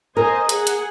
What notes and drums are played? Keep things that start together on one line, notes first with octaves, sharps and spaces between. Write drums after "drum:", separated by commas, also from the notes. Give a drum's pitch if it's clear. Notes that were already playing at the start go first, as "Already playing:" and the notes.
A#4 C5 D#5 G#5
G#4 F#5, drum: hi-hat
drum: hi-hat